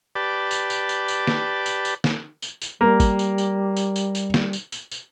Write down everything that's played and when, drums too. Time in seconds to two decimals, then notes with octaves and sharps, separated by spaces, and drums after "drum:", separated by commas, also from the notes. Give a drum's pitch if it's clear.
0.15 G4 B4 D5 A5
0.51 drum: tambourine
0.70 drum: tambourine
0.89 drum: tambourine
1.08 drum: tambourine
1.27 drum: snare
1.66 drum: tambourine
1.85 drum: tambourine
2.04 drum: snare
2.42 drum: tambourine
2.62 drum: tambourine
2.81 G3 A#3
3.00 drum: kick, tambourine
3.19 drum: tambourine
3.38 drum: tambourine
3.77 drum: tambourine
3.96 drum: tambourine
4.15 drum: tambourine
4.34 drum: snare
4.53 drum: tambourine
4.72 drum: tambourine
4.91 drum: tambourine